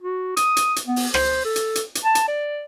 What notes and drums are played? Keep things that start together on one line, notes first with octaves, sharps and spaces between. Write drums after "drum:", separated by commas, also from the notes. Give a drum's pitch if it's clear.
F#4
D#6, drum: hi-hat
drum: hi-hat
drum: hi-hat
B3
drum: open hi-hat
C5, drum: rim click
A4
drum: hi-hat
drum: hi-hat
drum: hi-hat
A5
drum: hi-hat
D5